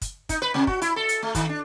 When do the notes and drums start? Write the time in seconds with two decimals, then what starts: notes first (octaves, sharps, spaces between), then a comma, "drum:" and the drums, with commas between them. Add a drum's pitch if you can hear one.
0.01 drum: kick, hi-hat
0.29 D#4, drum: kick, hi-hat
0.42 B4
0.54 C3, drum: snare
0.67 F#4, drum: kick
0.82 E4, drum: hi-hat
0.96 A4
1.09 drum: hi-hat
1.23 A3
1.35 D#3, drum: kick, hi-hat
1.49 D4